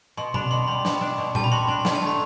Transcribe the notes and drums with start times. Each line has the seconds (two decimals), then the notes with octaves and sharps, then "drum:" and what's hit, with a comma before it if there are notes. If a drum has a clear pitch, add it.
0.17 B2 C6
0.34 D4 B5, drum: tom B2
0.51 B2 C6
0.68 G3 B5
0.85 B2, drum: snare
1.01 D4
1.18 B2
1.35 G3 A5, drum: tom A#2
1.44 B5
1.51 F#4 C6
1.68 D4
1.85 B2, drum: snare
1.95 A5
2.02 A3
2.07 B5